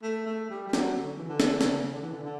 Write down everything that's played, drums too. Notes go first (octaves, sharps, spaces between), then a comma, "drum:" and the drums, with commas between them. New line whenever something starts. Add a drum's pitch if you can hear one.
A3
A3
G3
G3
F#3, drum: snare
D3
E3
D3
drum: snare
C#3, drum: snare
D3
E3
D3
D3